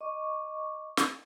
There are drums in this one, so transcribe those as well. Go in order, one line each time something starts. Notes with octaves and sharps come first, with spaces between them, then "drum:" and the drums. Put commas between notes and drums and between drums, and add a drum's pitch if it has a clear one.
D#5 C#6 D6
drum: snare